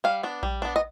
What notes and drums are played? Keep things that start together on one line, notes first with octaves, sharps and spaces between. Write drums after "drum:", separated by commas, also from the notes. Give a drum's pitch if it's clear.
G3 F5
B3 D4
G3, drum: kick A#1
B3 D4
D#5